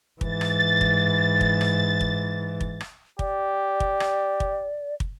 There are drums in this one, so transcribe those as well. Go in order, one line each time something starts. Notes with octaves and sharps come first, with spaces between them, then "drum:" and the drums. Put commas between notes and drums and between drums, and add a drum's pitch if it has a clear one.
G#2 E3 A6, drum: kick
drum: rim click
drum: kick
drum: kick
drum: rim click
drum: kick
drum: kick
drum: rim click
G4 D5, drum: kick
drum: kick
drum: rim click
drum: kick
drum: kick